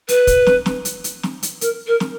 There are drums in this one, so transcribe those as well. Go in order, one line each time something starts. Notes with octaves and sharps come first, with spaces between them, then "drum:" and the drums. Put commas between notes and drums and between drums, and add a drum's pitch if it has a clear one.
B4, drum: hi-hat
drum: kick, hi-hat
drum: snare
drum: snare
drum: hi-hat
drum: hi-hat
drum: snare
drum: hi-hat
A#4, drum: hi-hat
A#4
drum: snare